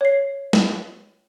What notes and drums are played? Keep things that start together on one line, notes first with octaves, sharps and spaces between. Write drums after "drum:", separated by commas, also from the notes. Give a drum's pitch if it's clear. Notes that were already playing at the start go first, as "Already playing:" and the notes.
C#5 C7
drum: snare